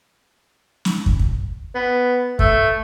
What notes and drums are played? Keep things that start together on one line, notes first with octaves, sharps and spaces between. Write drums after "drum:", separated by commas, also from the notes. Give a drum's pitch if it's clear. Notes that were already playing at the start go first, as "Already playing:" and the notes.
drum: snare
drum: kick
drum: kick
B3
A3, drum: kick